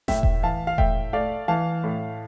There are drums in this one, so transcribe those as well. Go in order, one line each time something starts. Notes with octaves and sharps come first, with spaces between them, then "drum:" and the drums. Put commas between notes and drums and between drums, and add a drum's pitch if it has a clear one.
A2 E5 G5, drum: snare F#1
drum: kick E1
E3 F5 A5
F5
A2 E5 G5, drum: kick E1
A3 D5 F5
E3 F5 A5
A2